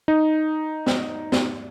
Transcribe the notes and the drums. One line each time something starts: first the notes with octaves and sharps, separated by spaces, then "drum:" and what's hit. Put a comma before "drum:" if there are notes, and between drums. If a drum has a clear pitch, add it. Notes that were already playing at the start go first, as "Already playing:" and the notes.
D#4
drum: snare
drum: snare